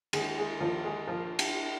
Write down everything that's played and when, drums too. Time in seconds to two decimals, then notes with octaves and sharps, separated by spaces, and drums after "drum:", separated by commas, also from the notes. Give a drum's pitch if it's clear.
0.13 D#2 G#3 G#4, drum: cymbal
0.37 G#3 G#4
0.60 D#2 F3 F4
0.84 G#3 G#4
1.07 A#1 F3 F4
1.39 drum: cymbal